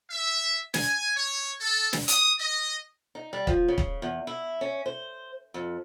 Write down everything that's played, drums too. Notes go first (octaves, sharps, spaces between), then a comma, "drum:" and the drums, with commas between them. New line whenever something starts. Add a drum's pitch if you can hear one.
E5
G#5, drum: snare
C#5
A4
drum: snare
D#6, drum: hi-hat
D#5
D#4
G3
F3, drum: kick
C#3
drum: kick
E2
E4
C#4
C5
F2